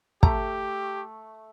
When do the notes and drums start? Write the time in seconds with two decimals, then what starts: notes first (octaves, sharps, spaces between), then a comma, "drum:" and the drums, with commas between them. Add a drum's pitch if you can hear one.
0.23 A3 G4 A#5, drum: kick